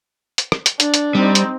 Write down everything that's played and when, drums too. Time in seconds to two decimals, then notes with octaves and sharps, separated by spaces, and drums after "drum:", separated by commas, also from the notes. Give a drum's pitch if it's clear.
0.38 drum: hi-hat
0.52 drum: rim click
0.66 drum: hi-hat
0.80 D4, drum: hi-hat
0.94 drum: hi-hat
1.15 G3 C4 D#4
1.35 drum: hi-hat